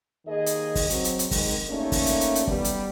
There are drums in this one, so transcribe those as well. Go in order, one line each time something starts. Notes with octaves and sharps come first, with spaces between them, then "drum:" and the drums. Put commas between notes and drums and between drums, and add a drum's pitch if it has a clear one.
D#2 D#3 G#4 D#5
drum: hi-hat
drum: kick, open hi-hat
F#3 C4, drum: hi-hat
drum: hi-hat
drum: hi-hat
D#3 G#3, drum: kick, open hi-hat
A3 A#3 C#4 D#4 G4 D5
drum: kick, open hi-hat
drum: hi-hat
drum: hi-hat
drum: hi-hat
G3 B3 G4, drum: kick
drum: hi-hat